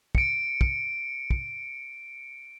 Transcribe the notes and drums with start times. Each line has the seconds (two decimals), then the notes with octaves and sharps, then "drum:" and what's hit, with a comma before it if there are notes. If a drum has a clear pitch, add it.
0.15 C#7 D7, drum: kick
0.61 drum: kick
1.30 drum: kick